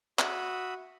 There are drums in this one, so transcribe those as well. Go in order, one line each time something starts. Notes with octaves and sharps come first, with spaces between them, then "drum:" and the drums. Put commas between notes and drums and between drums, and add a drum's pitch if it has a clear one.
F#4 E5 B5 D#6, drum: clap